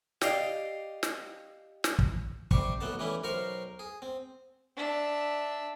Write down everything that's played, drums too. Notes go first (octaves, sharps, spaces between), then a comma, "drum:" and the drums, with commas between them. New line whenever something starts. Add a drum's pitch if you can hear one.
G4 D5 D#5 F5 G5, drum: snare
drum: snare
drum: snare
drum: kick
C3 G3 G4 C5 C#6, drum: kick
B1 F#3 A3 B3 A4 A5
E3 G3 A3 C#4 E4
B1 A#4 C5 A#5 C6 C#6
G#4
C4
D4 E5